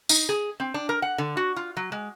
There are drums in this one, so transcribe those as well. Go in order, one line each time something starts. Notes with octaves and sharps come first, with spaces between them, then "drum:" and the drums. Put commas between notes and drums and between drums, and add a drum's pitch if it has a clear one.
D#4, drum: tambourine
G#4
C4
D4
A#4
F#5
D3
F#4
F4
F#3
G#3